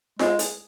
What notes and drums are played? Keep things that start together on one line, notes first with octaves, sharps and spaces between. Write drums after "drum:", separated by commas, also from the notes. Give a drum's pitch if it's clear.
G#3 G#4 G#5, drum: snare F4
G#4 G#5, drum: hi-hat